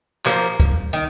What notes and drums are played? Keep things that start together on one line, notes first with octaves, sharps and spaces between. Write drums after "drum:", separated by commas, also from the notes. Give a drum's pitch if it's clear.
F3 A#3, drum: clap
drum: kick, hi-hat
D#3, drum: hi-hat